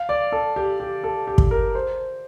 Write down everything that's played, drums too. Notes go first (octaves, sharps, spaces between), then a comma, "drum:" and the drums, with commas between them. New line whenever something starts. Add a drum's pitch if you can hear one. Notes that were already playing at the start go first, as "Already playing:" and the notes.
Already playing: F5
D5
A4
G4
G4
A4
G4
drum: kick
A#4
C5